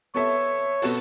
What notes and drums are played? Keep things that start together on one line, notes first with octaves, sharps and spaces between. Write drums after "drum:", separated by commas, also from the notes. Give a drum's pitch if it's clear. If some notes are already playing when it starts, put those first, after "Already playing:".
B3 A4 C#5 E5
B2 B3 F#4 A4, drum: open hi-hat